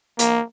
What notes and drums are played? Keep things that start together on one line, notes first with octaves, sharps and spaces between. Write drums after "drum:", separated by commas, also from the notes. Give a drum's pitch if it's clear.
A#3, drum: hi-hat